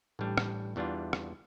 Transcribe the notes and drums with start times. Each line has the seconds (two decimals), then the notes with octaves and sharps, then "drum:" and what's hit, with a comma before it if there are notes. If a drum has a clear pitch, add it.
0.19 A1 A2 G3 D4
0.38 drum: rim click
0.76 E2 E3 G3 D4 F4
1.13 drum: rim click